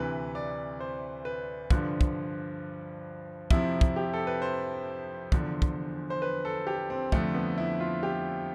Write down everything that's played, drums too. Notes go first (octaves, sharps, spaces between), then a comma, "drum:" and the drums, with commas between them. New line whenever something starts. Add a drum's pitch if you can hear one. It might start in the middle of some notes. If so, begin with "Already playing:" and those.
Already playing: D2 C3 E3 B4
D5
C5
B4
G2 D3 F3, drum: kick
drum: kick
F2 C3 F3 E4, drum: kick
drum: kick
G4
A4
B4
C5
E2 D3 F3, drum: kick
drum: kick
C5
B4
A4
G4
C4
F2 D3 F3 A3, drum: kick
B3
E4
F4
G4